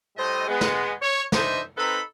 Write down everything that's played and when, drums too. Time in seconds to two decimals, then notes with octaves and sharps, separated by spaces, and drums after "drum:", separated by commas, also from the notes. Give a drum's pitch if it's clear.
0.16 A2 G3 A3 C5 D#5
0.47 G#3 B3
0.61 drum: snare
1.00 C#5
1.32 E3 D4 D#4 C5 D#5 E5, drum: snare
1.76 C4 D#4 A4 B4 A#5 B5